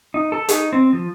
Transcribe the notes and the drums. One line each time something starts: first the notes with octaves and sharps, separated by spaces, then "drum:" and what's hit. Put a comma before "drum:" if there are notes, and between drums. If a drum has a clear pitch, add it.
D#4
A4
D#4, drum: hi-hat
C4
F3